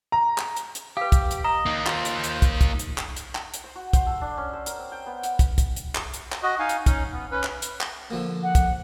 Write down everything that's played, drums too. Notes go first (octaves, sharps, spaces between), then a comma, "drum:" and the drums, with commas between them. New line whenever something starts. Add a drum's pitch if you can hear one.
A#5
drum: clap
drum: hi-hat
drum: hi-hat
G4 B4 F5
drum: kick, hi-hat
drum: hi-hat
D#5 A#5
A#3 D#4
F4 C5, drum: clap
drum: hi-hat
drum: hi-hat
drum: kick, hi-hat
drum: kick, hi-hat
drum: hi-hat
drum: clap
drum: hi-hat
drum: clap
drum: hi-hat
C5
F#4
C5, drum: kick, hi-hat
A4
D4
C#4
C5
A#4, drum: hi-hat
C4
G5
B3
F#5, drum: hi-hat
drum: kick, hi-hat
drum: kick, hi-hat
drum: hi-hat
drum: clap
drum: hi-hat
drum: clap
F#4 D#5
D#4 F5 G#5
drum: hi-hat
C#4 D#4, drum: kick, hi-hat
B3
C#4 B4
drum: clap
drum: hi-hat
drum: clap
D3 F3 A#3
F#5
drum: kick, hi-hat